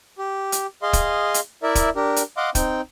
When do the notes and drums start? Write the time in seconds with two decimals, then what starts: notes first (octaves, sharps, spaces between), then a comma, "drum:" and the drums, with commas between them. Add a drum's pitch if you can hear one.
0.18 G4
0.52 drum: hi-hat
0.82 G#4 D#5 F5 C6
0.93 drum: kick, hi-hat
1.34 drum: hi-hat
1.63 E4 A#4 D5 E5
1.75 drum: kick, hi-hat
1.96 D4 G4 A#4
2.16 drum: hi-hat
2.37 D#5 F5 F#5 C6 D6
2.55 C4 D#4 G5, drum: kick, hi-hat